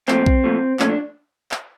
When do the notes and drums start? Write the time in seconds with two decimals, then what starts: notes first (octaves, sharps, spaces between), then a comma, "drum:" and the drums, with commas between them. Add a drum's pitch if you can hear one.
0.08 A#2 F3 A3 C4, drum: clap
0.26 drum: kick B1
0.44 A#2 F3 A3
0.79 A#2 F3 A3 C#4, drum: clap
0.89 D4
1.51 drum: clap